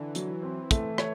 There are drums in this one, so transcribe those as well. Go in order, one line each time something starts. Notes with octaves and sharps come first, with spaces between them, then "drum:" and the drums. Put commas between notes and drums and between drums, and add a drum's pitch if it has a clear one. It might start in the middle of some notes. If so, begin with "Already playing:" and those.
Already playing: D3 E3
F#3, drum: hi-hat
C4
A3, drum: kick, hi-hat
C#5, drum: rim click